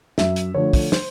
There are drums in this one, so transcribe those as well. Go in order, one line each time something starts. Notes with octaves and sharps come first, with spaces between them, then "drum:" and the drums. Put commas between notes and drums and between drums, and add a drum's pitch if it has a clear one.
F#2 E5, drum: snare
drum: hi-hat
D3 F3 A3 C#5
drum: kick, open hi-hat
C5, drum: snare